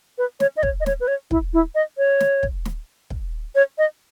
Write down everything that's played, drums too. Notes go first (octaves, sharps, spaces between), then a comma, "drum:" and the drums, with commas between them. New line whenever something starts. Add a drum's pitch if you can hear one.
B4
C#5, drum: snare
D#5
C#5, drum: kick
D#5
C#5, drum: snare
B4
C#5
E4, drum: kick
E4
D#5
C#5
drum: snare
drum: kick
drum: snare
drum: kick
C#5
D#5